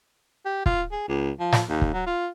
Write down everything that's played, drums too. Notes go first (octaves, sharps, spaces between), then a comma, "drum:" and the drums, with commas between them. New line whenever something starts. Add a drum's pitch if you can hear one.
G4
F4, drum: kick
G#4
C#2
F3
drum: snare
D#2
drum: kick
F#3
F4